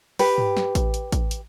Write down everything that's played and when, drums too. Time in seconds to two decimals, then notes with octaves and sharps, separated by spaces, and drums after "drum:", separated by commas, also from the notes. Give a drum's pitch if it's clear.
0.19 G4 B4, drum: open hi-hat
0.38 drum: tom
0.57 drum: snare
0.75 drum: kick A1, hi-hat
0.94 drum: hi-hat
1.12 drum: kick A1, hi-hat
1.31 drum: hi-hat